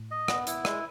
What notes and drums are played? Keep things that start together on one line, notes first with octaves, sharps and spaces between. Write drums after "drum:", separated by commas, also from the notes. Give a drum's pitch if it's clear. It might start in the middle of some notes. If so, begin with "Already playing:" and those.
Already playing: A2
D#5
B3, drum: rim click
E4, drum: hi-hat
G#3, drum: rim click